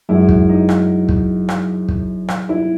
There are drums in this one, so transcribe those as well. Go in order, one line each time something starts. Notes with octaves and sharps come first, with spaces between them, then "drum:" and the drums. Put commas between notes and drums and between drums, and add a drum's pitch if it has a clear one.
F#2 E3 G#3 E4
drum: kick
D#4
drum: rim click
drum: kick
drum: rim click
drum: kick
drum: rim click
E4